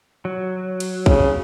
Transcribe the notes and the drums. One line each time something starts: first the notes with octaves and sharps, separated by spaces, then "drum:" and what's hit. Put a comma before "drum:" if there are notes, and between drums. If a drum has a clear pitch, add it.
F#3
drum: cymbal
C#3, drum: kick